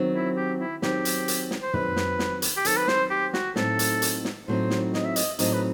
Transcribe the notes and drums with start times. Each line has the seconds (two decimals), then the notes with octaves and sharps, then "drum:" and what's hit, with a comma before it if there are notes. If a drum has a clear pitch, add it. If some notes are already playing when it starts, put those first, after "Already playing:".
Already playing: D#3 F#3 C4
0.14 E4
0.36 G4
0.60 E4
0.82 D#3 F#3 C4 G4, drum: snare
1.05 drum: hi-hat
1.28 drum: hi-hat
1.51 drum: snare
1.62 C5
1.74 D#3 F#3 C4 B4, drum: tom
1.96 drum: snare
2.19 drum: snare
2.42 drum: hi-hat
2.57 G4
2.65 D#3 F#3 C4 A4, drum: hi-hat
2.77 B4
2.88 C5, drum: snare
3.10 G4
3.33 F#4, drum: snare
3.56 A2 F#3 C4 D#4 A4, drum: snare
3.79 drum: hi-hat
4.02 drum: hi-hat
4.25 drum: snare
4.48 A2 F#3 C4 D#4 C5
4.70 drum: snare
4.94 D#5, drum: snare
5.05 E5
5.16 D#5, drum: hi-hat
5.39 A2 F#3 C4 D#4 D#5, drum: hi-hat
5.53 B4